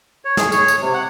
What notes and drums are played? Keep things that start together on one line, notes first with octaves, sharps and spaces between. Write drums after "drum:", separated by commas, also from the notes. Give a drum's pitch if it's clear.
C#5
G#4, drum: snare
C#5, drum: tambourine
drum: tambourine
C3
F#5